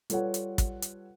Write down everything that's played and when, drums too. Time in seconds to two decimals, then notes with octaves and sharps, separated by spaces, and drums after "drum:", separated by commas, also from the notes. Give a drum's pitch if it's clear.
0.10 G3 F4 A4 B4 C#5 F#5, drum: hi-hat
0.34 drum: hi-hat
0.58 drum: kick, hi-hat
0.82 drum: hi-hat